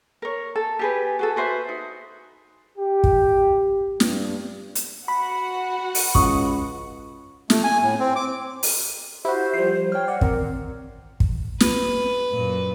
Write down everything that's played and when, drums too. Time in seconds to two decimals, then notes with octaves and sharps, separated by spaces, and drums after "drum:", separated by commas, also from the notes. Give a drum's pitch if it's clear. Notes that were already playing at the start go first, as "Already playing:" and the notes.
0.22 A#4 C#5
0.56 A4
0.79 G4 G#4 B4
1.19 F#4 G#4 A4
1.36 F#4 B4 C5 E5
1.69 D#4
2.78 G4
3.04 drum: kick
4.00 G2, drum: snare
4.75 drum: hi-hat
5.08 F#4 F#5 B5
5.95 drum: open hi-hat
6.15 C#2 C#6 D#6, drum: kick
7.50 A3, drum: snare
7.64 G#5
7.83 A2
7.99 C4
8.16 D6
8.63 drum: open hi-hat
9.25 E4 F#4 G4 C5
9.54 F3 G3 C7
9.92 C#5 G5 F6
10.08 D5 F#5
10.21 D#3 C4 A#4, drum: kick
11.20 drum: kick
11.60 B4, drum: snare
12.33 F#2 A#2